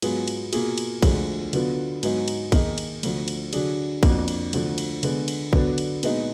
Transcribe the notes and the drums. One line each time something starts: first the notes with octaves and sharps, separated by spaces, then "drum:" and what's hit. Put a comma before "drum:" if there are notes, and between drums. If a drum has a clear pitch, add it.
G#2 F#3 B3 F4 G#4, drum: cymbal
drum: cymbal
B2 A#3 F4 G#4, drum: cymbal
drum: cymbal
D2 D3 F3 G#3, drum: kick, cymbal
D3 F#3 B3 F4, drum: cymbal
G#2 F#3 B3 D#4, drum: cymbal
drum: cymbal
D#3 A#3 D#4 G#4, drum: kick, cymbal
drum: cymbal
D2 D3 F3, drum: cymbal
drum: cymbal
D3 F#3 D4 G#4, drum: cymbal
F2 F3 A#3 D4 F#4, drum: kick, cymbal
drum: cymbal
D2 D3 F3, drum: cymbal
drum: cymbal
D3 G#3 B3, drum: cymbal
drum: cymbal
D3 F#3 B3 D4, drum: kick
drum: cymbal
A#2 G#3 B3 D#4 F#4, drum: cymbal